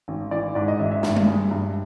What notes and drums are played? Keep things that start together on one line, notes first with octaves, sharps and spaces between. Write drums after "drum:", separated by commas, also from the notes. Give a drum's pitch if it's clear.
G#1
E3 D5
G#2 D5
D#5
G#1 E5
E5
G2 E5, drum: snare
drum: tom G3
G#3
G2